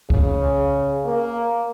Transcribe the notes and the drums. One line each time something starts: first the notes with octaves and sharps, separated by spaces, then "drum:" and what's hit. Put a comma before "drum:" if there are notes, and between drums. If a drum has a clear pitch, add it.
C#3, drum: kick C2
A#3